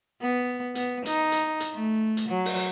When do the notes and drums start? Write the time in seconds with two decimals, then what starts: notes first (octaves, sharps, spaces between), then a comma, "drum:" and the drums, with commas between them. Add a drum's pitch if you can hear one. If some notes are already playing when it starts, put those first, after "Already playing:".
0.22 B3
0.75 B3, drum: hi-hat
1.06 D#4, drum: hi-hat
1.32 drum: hi-hat
1.60 drum: hi-hat
1.74 A3
2.17 drum: hi-hat
2.29 F#3
2.45 drum: open hi-hat